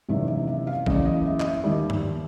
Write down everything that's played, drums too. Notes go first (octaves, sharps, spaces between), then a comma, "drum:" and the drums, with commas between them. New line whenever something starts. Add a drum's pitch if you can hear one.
F#1 E2 C3 D#3 E5
E5
E5
F5
F#1 E2 C#3 D#5, drum: kick
D#5
E5
D#5, drum: clap
E5
D#2 D#3 G3
drum: tom G2